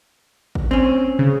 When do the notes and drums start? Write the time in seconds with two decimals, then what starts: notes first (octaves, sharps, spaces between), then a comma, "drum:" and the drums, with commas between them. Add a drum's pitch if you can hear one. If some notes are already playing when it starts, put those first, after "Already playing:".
0.55 drum: kick
0.71 C4 C#4
1.19 C#3